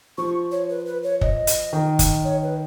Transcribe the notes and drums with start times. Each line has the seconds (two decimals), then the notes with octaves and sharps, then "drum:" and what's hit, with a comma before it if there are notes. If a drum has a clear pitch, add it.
0.18 F3 C#6
0.51 C#5
0.70 B4
0.86 B4
1.03 C#5
1.21 D#5, drum: kick
1.47 drum: hi-hat
1.73 D#3
1.99 drum: kick, hi-hat
2.24 C#5
2.43 B4